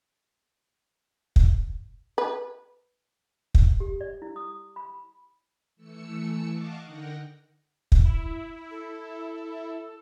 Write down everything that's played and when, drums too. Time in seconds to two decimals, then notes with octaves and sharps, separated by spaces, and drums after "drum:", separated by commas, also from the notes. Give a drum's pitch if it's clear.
1.36 drum: kick
2.18 B4
3.55 drum: kick
3.80 G4
4.01 D5
4.22 E4
4.36 D#6
4.76 B5
5.76 E3 A3 E6 C#7
6.48 D#5 F5 F#5 A5 C#6 D6
6.85 D3 D#4 A#4 F#5 G5 A#6
7.92 drum: kick
8.05 E4
8.71 A4